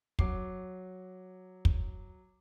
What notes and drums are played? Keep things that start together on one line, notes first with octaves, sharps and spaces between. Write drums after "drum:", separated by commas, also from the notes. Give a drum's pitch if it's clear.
F#3 D6 C7, drum: kick
drum: kick